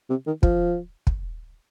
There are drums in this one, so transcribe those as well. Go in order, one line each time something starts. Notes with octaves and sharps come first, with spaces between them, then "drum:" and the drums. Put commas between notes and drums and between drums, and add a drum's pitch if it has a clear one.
C3
D#3
F3, drum: kick
drum: kick